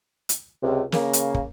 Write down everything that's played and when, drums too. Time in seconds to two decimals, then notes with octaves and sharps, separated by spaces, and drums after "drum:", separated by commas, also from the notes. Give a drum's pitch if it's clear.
0.29 drum: hi-hat
0.62 C#2 C3
0.92 C#3 A#3, drum: snare
1.13 drum: hi-hat
1.34 drum: kick